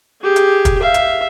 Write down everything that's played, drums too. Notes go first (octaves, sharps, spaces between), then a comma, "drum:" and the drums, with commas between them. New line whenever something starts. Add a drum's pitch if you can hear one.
G4 G#4
drum: hi-hat
drum: kick, hi-hat
E5 F5
drum: hi-hat